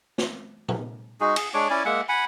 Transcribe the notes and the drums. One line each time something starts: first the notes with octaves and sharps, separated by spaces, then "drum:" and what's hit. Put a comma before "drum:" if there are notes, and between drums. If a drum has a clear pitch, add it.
drum: snare
drum: tom A#2
G#3 D#4 F#4 G#4
G#4, drum: cymbal
G#3 D4 C#5 D6
C#4 E4 D5 G#5
G#3 A#3 E5 F#5
F#5 G#5 B5